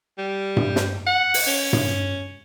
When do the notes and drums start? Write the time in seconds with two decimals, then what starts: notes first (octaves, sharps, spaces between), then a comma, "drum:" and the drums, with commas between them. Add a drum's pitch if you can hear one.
0.18 G3
0.57 drum: tom G2
0.76 drum: snare
1.06 F#5
1.34 drum: open hi-hat
1.47 C#4
1.73 drum: tom G2